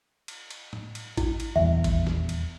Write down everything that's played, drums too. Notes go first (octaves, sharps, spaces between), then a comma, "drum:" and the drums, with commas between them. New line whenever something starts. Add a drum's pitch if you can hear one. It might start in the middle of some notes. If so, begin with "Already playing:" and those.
drum: cymbal
drum: cymbal
drum: tom A2
drum: cymbal
E4, drum: kick G#1, cymbal
drum: cymbal
D#1 E2 E5
drum: kick G#1, cymbal
drum: snare
drum: cymbal